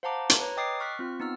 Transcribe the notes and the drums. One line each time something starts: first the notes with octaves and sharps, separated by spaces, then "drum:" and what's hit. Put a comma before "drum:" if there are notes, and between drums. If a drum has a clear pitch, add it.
C5 F5 F#5 A5 A#5 D6
drum: hi-hat
B4 C#5 A#5
D#5 G5 D6 D#6 A6 C7
C#6 F6 F#6 B6
C4 F4
B3 D#4 E6 F6